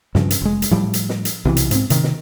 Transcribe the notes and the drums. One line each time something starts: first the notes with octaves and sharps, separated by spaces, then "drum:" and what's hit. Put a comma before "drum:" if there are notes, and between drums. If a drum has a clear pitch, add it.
G2 C#3 F3, drum: snare
drum: hi-hat
F1 G#3
drum: hi-hat
A2 F3 G3
drum: hi-hat
drum: snare
drum: hi-hat
B1 C3 E3
drum: hi-hat
G#2 C4, drum: hi-hat
C3 D#3, drum: hi-hat
drum: snare